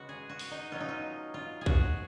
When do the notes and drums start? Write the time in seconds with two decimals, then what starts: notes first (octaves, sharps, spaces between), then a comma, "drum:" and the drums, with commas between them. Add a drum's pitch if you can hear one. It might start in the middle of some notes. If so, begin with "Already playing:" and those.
Already playing: C#3 G#3 B3 F#4
0.09 G#4
0.29 F#4
0.39 drum: open hi-hat
0.51 D#4
0.71 B2 F#3 C#4 F4
0.80 D#4
0.89 F4
1.34 F4
1.61 G#4
1.66 F#4, drum: kick B1